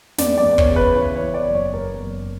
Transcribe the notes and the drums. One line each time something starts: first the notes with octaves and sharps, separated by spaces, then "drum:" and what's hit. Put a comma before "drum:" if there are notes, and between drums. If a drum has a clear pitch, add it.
E2 D5, drum: snare
D5
E2
C#5, drum: kick
C#3
B4
E3 C#5
C#5
E2
D5
F#1
C#5
E2 A#4
F#1